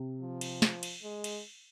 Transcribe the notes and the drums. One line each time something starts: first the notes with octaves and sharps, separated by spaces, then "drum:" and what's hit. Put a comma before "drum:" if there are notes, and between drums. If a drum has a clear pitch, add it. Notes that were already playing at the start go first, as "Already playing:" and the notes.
Already playing: C3
F3
drum: cymbal
drum: snare
drum: cymbal
G#3
drum: cymbal